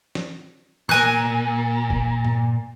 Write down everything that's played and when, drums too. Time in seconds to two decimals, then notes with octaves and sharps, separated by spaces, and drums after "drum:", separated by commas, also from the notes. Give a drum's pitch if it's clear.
0.15 drum: snare
0.89 A#2 A#4 G#5 F#6, drum: tom D#3
1.90 drum: kick F#1
2.25 drum: tom G2